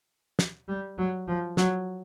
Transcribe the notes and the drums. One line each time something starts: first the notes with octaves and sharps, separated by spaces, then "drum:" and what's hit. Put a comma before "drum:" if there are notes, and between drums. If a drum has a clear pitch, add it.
drum: snare
G3
F#3
F3
F#3, drum: snare